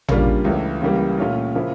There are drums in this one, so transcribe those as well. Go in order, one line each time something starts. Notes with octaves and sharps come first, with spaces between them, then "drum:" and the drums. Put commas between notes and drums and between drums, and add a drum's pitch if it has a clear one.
C#3 G3 A#3 D4 F4, drum: tom A1
C#2 C#3 E3 A3
C#2 C#3 E3 G3 A#3
A#2 A3 C#4 F4
C#3 F3 A#3 E4